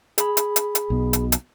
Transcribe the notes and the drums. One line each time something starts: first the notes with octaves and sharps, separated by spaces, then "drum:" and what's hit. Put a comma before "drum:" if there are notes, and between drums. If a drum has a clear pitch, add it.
G#4 B5, drum: hi-hat
drum: hi-hat
drum: hi-hat
drum: hi-hat
B1 B2
drum: hi-hat
drum: hi-hat